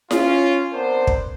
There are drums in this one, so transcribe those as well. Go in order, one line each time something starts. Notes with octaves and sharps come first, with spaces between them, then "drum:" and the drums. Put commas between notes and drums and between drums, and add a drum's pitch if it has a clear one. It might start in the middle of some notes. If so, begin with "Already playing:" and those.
C#4 F4, drum: snare E4
B3 C4 D4 A#4 C5
drum: kick